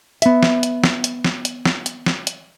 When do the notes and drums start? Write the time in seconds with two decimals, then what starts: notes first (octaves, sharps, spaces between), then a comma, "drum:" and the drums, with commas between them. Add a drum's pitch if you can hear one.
0.22 B3 E5, drum: hi-hat
0.43 drum: snare
0.63 drum: hi-hat
0.84 drum: snare
1.04 drum: hi-hat
1.25 drum: snare
1.45 drum: hi-hat
1.65 drum: snare
1.86 drum: hi-hat
2.06 drum: snare
2.27 drum: hi-hat